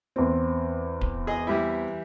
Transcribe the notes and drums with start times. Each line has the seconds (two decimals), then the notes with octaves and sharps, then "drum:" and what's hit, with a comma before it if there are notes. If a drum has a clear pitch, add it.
0.16 E2 C4
1.01 drum: kick D1
1.27 G#4 D#5
1.47 E3 G3 E4